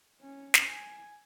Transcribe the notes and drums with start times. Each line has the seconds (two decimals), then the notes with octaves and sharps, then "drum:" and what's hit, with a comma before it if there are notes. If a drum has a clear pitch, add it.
0.22 C#4
0.54 drum: snare
0.70 G#5